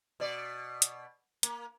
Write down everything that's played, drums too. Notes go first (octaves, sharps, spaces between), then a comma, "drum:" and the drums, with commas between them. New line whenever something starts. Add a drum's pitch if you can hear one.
B2 D5
drum: hi-hat
A#3, drum: hi-hat